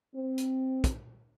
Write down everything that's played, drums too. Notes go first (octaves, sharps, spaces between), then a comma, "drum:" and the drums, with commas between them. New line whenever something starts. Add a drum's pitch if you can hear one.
C4
drum: hi-hat
drum: kick, hi-hat